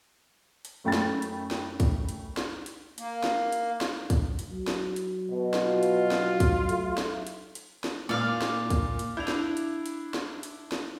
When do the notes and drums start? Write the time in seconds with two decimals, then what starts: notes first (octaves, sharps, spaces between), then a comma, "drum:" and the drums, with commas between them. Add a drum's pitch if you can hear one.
0.65 drum: hi-hat
0.84 F#2 A3 G5 B5 A6
0.93 drum: snare
1.22 drum: hi-hat
1.51 drum: snare
1.80 drum: kick, hi-hat
2.09 drum: hi-hat
2.37 drum: snare
2.66 drum: hi-hat
2.98 A#3, drum: hi-hat
3.24 drum: snare
3.52 drum: hi-hat
3.81 drum: snare
4.10 drum: kick, hi-hat
4.39 drum: hi-hat
4.51 F#3
4.68 drum: snare
4.96 drum: hi-hat
5.31 B2
5.54 drum: snare
5.65 F4
5.83 drum: hi-hat
6.11 drum: snare
6.40 drum: kick, hi-hat
6.69 A3, drum: hi-hat
6.98 drum: snare
7.27 drum: hi-hat
7.55 drum: hi-hat
7.84 drum: snare
8.09 A#2 D5 F5 D6
8.42 drum: snare
8.70 drum: kick, hi-hat
8.99 drum: hi-hat
9.17 D4 E4 G6 F7
9.28 drum: snare
9.57 drum: hi-hat
9.86 drum: hi-hat
10.14 drum: snare
10.43 drum: hi-hat
10.72 drum: snare